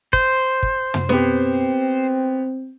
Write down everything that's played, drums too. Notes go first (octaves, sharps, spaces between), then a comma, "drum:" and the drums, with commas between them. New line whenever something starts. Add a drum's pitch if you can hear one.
C5, drum: kick
drum: kick
drum: tom
B3 C4 G4, drum: snare